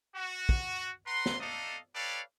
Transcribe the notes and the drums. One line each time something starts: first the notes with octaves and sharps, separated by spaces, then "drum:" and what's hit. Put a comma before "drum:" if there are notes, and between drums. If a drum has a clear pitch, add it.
F#4
drum: kick
B4 F#5 A#5 C6
drum: snare
A3 D4 D#4 A4 D#5 F5
G4 A4 B4 C#5 D5 F5